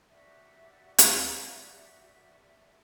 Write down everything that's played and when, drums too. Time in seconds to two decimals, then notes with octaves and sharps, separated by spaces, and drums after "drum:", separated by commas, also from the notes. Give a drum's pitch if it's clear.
0.10 F#4 G4 D5 E5
0.98 drum: hi-hat